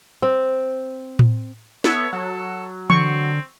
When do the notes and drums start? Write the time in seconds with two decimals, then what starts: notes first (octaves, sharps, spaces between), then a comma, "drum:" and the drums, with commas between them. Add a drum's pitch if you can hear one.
0.22 C4
1.19 drum: tom A2
1.84 B3 A4 C#5 E5, drum: snare
2.13 F#3 A4
2.90 D3 C4 C#6, drum: tom E3